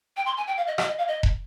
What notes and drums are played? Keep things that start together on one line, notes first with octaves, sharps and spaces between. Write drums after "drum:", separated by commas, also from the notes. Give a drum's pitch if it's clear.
G5
C6
G#5
G5
F5
D#5
D#5, drum: rim click
D#5
F5
D#5
drum: kick E1